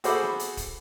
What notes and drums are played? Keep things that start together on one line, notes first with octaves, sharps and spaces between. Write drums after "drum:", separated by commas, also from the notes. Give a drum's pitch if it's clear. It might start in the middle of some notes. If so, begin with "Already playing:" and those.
F#4 G#4 A4 C5 B5 D6, drum: hi-hat
drum: snare B3
drum: hi-hat
drum: kick, hi-hat